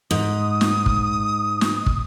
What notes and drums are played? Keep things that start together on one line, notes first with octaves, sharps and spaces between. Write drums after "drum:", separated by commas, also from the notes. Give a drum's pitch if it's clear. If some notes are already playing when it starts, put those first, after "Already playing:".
G#2 D#6
drum: snare
drum: kick
drum: snare
drum: kick